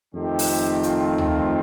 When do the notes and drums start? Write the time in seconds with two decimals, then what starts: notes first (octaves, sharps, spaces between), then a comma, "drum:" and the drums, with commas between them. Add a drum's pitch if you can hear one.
0.14 F2 D#3 A3 C4 G4
0.39 drum: open hi-hat
0.83 F4, drum: hi-hat
1.18 F4, drum: tom